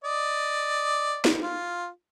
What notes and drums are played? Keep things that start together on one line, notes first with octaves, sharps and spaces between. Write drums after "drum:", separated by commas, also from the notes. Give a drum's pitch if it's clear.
D5 D#5
drum: snare
F4